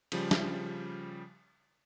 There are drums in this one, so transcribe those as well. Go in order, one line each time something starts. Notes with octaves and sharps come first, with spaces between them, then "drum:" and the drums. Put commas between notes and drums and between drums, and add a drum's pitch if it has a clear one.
C#3 F3 G3, drum: cymbal
drum: snare